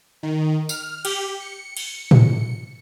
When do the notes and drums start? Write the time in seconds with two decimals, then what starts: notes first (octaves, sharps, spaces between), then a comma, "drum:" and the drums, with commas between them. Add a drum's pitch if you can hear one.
0.23 D#3
0.69 F6, drum: tambourine
1.05 G4, drum: cymbal
1.40 C#7
1.77 drum: cymbal
2.11 drum: tom